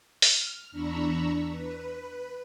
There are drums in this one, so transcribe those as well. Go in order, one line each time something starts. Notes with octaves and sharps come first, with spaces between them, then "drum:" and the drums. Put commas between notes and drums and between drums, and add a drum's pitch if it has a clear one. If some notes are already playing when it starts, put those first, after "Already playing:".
F6, drum: open hi-hat
E2 D4 A#5 B5 C#6 E6
B4